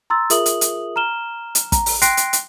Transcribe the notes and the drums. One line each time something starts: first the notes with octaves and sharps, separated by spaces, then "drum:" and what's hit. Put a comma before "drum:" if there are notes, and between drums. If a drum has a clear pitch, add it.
A#5 C6 E6 A6
F4 G#4 A#4 E5 D#6 F#7, drum: hi-hat
drum: hi-hat
drum: hi-hat
A#5 F6 E7 G7
drum: hi-hat
A#5, drum: kick, hi-hat
drum: open hi-hat
G5 C6 F#6 A#6 C7 D7, drum: hi-hat
drum: hi-hat
drum: hi-hat